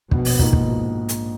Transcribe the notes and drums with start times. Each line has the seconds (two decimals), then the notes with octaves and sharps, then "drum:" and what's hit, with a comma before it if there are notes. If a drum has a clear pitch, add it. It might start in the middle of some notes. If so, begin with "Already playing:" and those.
0.11 A#1 B2, drum: kick
0.25 drum: open hi-hat
0.39 G#2 F3 A#3 D#4, drum: kick
0.53 drum: kick
1.09 drum: hi-hat